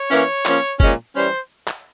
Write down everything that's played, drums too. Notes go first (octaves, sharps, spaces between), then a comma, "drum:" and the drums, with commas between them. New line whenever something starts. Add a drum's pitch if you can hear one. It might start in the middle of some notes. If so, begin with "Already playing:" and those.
Already playing: C#5
E3 A#3 C#4
F3 A#3 C#4, drum: clap
A#2 F3 G#3 C#4, drum: kick F#1
E3 G3 C#4 C5
drum: clap